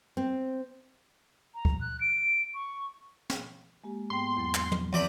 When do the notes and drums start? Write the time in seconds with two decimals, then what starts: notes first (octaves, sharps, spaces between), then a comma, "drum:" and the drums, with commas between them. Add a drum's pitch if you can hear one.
0.17 C4
1.55 A#5
1.65 drum: kick
1.81 F#6
2.01 D7
2.54 C#6
3.30 drum: snare
3.83 G#3 A#3 G4
4.10 G#2 B3 G5 C6
4.37 E2 F#3
4.54 drum: clap
4.72 drum: tom
4.93 E2 C4 D5 B5